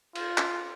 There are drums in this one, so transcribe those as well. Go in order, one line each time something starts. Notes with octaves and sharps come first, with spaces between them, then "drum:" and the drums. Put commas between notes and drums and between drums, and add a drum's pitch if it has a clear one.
F4, drum: cymbal
drum: clap